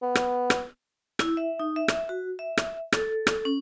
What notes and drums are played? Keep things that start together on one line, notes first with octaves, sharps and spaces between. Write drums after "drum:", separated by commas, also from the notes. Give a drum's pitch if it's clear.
B3
drum: rim click
drum: rim click
E4, drum: rim click
E5
D#4
E5
drum: rim click
F#4
E5
drum: rim click
A4, drum: rim click
drum: rim click
C#4